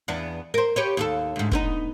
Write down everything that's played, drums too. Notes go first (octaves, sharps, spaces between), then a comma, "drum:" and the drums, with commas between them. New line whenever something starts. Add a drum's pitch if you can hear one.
E2 B3 D4
A#4 C5
G4 B4 C#5
D#2 G#4 A4
D2 G#2
B3 C4 D#4, drum: kick